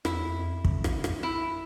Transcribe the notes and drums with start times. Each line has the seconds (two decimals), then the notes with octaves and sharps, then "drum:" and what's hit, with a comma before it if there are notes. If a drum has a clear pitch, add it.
0.05 F2 E4, drum: rim click
0.16 E2
0.26 F2
0.65 drum: kick
0.84 drum: rim click
1.04 drum: rim click
1.23 E4